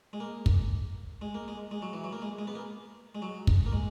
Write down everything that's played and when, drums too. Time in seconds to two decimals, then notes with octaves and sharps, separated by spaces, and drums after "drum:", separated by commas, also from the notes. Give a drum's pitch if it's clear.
0.13 G#3
0.20 A#3
0.46 drum: kick
1.21 G#3
1.35 A#3
1.48 G#3
1.71 G#3
1.82 F#3
1.93 E3
2.04 F#3
2.13 A#3
2.22 G#3
2.39 G#3
2.47 B3
2.55 A#3
3.15 G#3
3.22 F#3
3.47 drum: kick
3.66 A#3
3.72 G#3